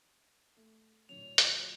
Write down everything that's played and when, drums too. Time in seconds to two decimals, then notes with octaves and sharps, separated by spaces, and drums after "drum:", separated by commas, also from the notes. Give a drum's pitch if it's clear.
0.57 A3
1.09 A2 D3 F#3 C#5 F7
1.38 D2 F3 F#4, drum: hi-hat